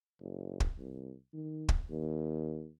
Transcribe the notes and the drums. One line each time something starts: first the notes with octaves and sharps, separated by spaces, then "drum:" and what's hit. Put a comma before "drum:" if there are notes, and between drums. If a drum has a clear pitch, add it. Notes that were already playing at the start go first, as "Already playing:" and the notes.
F#1
drum: kick
C2
D#3
drum: kick
D#2